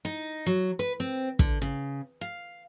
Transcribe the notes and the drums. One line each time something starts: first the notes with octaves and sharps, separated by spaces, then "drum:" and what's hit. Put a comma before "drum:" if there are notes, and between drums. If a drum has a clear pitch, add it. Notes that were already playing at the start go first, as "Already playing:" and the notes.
D#4
F#3
B4
C4
D3, drum: kick
C#3
F5